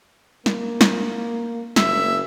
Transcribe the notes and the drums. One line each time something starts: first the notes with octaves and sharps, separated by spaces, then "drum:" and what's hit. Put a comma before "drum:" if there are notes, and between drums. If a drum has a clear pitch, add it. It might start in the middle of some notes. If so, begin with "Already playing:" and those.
A#3, drum: snare
drum: snare
F#1 E5, drum: snare